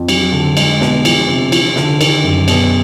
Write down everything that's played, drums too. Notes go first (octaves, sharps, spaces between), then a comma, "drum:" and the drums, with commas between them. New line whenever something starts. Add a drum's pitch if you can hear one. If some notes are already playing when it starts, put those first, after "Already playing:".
Already playing: F2
F#3, drum: cymbal
D3
G#3, drum: cymbal
B2, drum: snare
F3, drum: cymbal
C3
F3, drum: cymbal
D3, drum: snare
D#3, drum: cymbal
F#2
B2, drum: cymbal